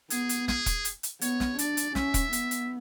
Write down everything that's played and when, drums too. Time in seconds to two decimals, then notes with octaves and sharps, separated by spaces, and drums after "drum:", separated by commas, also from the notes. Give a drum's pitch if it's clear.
0.10 B3 G#4, drum: hi-hat
0.29 drum: hi-hat
0.48 G#4, drum: snare
0.66 drum: kick E1, hi-hat
0.85 drum: hi-hat
1.03 drum: hi-hat
1.21 B3 C#5, drum: hi-hat
1.40 drum: snare
1.59 D4 D5, drum: hi-hat
1.77 drum: hi-hat
1.95 C#4 E5, drum: snare
2.14 drum: kick E1, hi-hat
2.33 B3, drum: hi-hat
2.51 drum: hi-hat